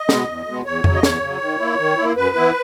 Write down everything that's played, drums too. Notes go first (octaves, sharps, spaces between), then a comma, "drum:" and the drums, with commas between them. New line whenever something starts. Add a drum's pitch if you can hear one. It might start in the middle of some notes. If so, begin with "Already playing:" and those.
Already playing: D#5
B2 G#3 B3, drum: snare
E2
B2 G#3 B3
E2 C#5
C#3 F#3, drum: tom F2
D#5
E2 C#5, drum: snare
C#3 F#3
D#3
A#3 E4
D#3
A#3 E4
F#2 B4
E3 B3 E4